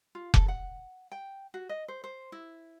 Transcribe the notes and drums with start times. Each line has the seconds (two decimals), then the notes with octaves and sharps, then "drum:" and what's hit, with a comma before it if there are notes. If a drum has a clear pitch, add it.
0.15 F4
0.34 A4, drum: kick F1
0.48 F#5
1.12 G5
1.54 F#4
1.69 D#5
1.88 C5
2.04 C5
2.32 E4